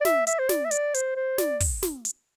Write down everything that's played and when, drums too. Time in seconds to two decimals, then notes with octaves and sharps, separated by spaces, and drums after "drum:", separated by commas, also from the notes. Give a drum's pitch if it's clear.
0.01 D5
0.05 E5, drum: snare
0.27 E5, drum: hi-hat
0.39 C5
0.49 D5, drum: snare
0.65 E5
0.71 D5, drum: hi-hat
0.94 C5, drum: hi-hat
1.16 C5
1.38 D5, drum: snare
1.60 drum: kick, open hi-hat
1.83 drum: snare
2.05 drum: hi-hat